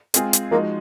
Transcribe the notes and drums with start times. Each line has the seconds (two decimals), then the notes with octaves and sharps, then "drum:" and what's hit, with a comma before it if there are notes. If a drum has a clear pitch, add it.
0.14 G#3 C4 F4 G#4, drum: hi-hat
0.33 drum: hi-hat
0.52 F3 G#3 A#3 D#4 F#4